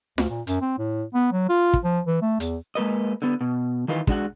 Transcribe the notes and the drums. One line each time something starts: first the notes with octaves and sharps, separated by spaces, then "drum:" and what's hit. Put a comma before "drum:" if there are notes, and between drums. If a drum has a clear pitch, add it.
D2, drum: snare F4
A#2
F#2, drum: hi-hat
C4
A2
B3
F#3
F4
drum: kick
F3
E3
A3
E2, drum: hi-hat
G#3 A#3 B4 D#5
D3 B3
B2
D#3 E3 D#4 F4 B4
G#3 D4 F#4 F#5, drum: kick